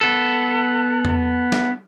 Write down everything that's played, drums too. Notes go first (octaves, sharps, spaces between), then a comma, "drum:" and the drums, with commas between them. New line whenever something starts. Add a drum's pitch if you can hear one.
B3 A4
drum: tom E2
drum: snare